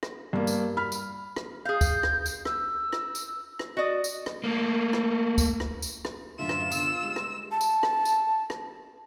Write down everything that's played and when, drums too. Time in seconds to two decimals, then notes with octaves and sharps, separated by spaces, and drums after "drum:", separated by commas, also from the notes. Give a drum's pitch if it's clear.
0.03 drum: rim click
0.33 G2 A#3
0.47 drum: tambourine
0.77 B5 F6
0.92 drum: tambourine
1.36 drum: rim click
1.65 G#4 F5 G6
1.81 drum: kick D2, tambourine
2.03 drum: rim click
2.26 drum: tambourine
2.45 E6, drum: rim click
2.93 drum: rim click
3.15 drum: tambourine
3.59 drum: rim click
3.77 F#4 D5 D#5
4.04 drum: tambourine
4.26 drum: rim click
4.44 A3 A#3
4.93 drum: rim click
5.38 drum: kick D2, tambourine
5.60 drum: rim click
5.82 drum: tambourine
6.05 drum: rim click
6.39 F#2 A2 D3 F4 E5 E7
6.49 drum: rim click
6.72 D3 B3 E6, drum: tambourine
7.03 G3 G#3
7.16 drum: rim click
7.51 A5
7.61 drum: tambourine
7.83 drum: rim click
8.05 drum: tambourine
8.50 drum: rim click